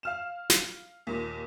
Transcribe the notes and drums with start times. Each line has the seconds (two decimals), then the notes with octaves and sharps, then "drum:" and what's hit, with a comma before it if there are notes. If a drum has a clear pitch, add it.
0.03 F5 F6 E7
0.50 drum: snare
1.07 D#2 A#2